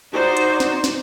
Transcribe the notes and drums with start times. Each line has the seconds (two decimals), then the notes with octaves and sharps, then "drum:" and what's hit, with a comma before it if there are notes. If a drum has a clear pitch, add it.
0.13 D#4 F#4 C5 D5
0.37 drum: hi-hat
0.60 drum: snare
0.84 drum: snare